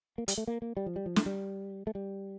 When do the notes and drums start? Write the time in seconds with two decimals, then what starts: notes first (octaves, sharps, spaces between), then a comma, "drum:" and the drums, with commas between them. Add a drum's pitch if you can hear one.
0.18 A#3
0.28 G3, drum: hi-hat
0.38 A3
0.48 A#3
0.62 A#3
0.77 G3
0.86 F3
0.96 G3
1.06 F3
1.16 A3, drum: snare
1.26 G3
1.87 A3
1.95 G3